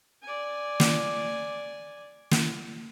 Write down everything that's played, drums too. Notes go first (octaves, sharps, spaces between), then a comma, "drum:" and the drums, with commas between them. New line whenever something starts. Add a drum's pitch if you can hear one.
D5 G#5
drum: snare
drum: snare